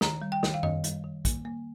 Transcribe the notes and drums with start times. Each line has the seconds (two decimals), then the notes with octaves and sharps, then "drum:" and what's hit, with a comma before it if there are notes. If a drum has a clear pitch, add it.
0.01 D#3 A#5, drum: snare
0.22 G3
0.32 G5
0.43 D#3, drum: snare
0.54 F5
0.63 D#3 D#5, drum: tom F#2
0.84 G3, drum: hi-hat
1.04 D#3
1.25 A#3, drum: kick, hi-hat
1.45 A#3